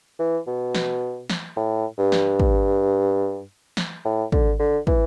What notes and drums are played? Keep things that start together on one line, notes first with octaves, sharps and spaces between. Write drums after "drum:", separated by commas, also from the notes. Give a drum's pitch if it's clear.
E3
B2
drum: snare
drum: snare
A2
G2
drum: snare
drum: kick
drum: snare
A2
D3, drum: kick
D3
E3, drum: kick